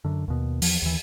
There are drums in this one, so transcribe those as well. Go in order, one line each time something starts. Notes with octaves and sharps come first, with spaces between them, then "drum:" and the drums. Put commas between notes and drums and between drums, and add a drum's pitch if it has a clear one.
F#2 D3
D#2 B2
E2 F3, drum: open hi-hat
D#2 E3